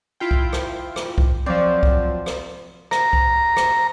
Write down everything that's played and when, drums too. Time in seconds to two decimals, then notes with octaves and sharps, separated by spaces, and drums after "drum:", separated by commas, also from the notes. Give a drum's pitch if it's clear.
0.20 E4 F4 G5
0.31 drum: kick C2
0.53 drum: rim click
0.96 drum: rim click
1.18 drum: kick C2
1.46 F3 F#3 C4 D5
1.83 drum: kick C2
2.26 drum: rim click
2.91 A#5, drum: rim click
3.13 drum: kick C2
3.56 drum: rim click